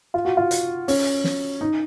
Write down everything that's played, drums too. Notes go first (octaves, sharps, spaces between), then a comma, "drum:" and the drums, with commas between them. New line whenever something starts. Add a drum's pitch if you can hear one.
F4
F#4
F4
drum: hi-hat
C#4, drum: open hi-hat
drum: snare
D#4